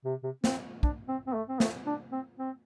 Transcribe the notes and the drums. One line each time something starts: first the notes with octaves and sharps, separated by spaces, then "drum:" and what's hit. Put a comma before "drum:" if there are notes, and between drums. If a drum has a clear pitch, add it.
C3
C3
C4, drum: snare
D4, drum: kick
C4
C4
A3
C4
A3, drum: snare
D4
C4
C4